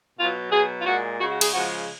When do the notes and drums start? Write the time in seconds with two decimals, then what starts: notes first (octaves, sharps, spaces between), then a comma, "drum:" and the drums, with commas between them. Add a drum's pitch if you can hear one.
0.17 B2 F#3 F4
0.52 B2 F#3 G#4
0.80 F4
0.85 A#2 G#3 F#4
1.20 C#3 G#3 F#4
1.30 F#4
1.41 G#4, drum: cymbal
1.52 C#3 F3 G#3 F#4